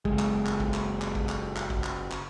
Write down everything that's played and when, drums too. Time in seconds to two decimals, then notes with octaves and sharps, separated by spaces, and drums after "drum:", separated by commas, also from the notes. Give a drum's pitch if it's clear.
0.05 F#1 G#3, drum: kick
0.19 drum: clap
0.46 drum: clap
0.60 drum: kick
0.74 drum: clap
1.01 drum: clap
1.15 drum: kick
1.29 drum: clap
1.56 drum: clap
1.70 drum: kick
1.84 drum: clap
2.11 drum: clap